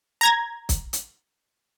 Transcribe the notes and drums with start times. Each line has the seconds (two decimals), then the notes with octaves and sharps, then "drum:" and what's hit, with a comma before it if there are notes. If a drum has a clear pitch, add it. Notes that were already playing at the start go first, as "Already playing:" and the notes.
0.21 A#5 G#6 A#6
0.69 drum: kick, hi-hat
0.93 drum: hi-hat